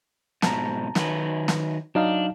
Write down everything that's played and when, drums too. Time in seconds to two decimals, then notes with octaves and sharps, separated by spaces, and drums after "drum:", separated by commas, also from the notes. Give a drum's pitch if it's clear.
0.42 G#2 B2 F3 A5 A#5, drum: snare
0.95 D#3 F#3 B4, drum: snare
1.48 drum: snare
1.95 F#3 D4 D#4 F5